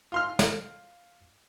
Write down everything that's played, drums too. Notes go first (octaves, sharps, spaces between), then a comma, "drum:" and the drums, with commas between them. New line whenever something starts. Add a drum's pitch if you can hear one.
F4 C6 F6
drum: snare